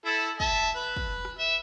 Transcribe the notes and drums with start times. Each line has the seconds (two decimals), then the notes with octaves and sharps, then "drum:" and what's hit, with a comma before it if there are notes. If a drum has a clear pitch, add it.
0.06 E4 A4
0.40 E5 A5, drum: kick
0.76 B4
0.97 drum: kick
1.25 drum: rim click
1.38 E5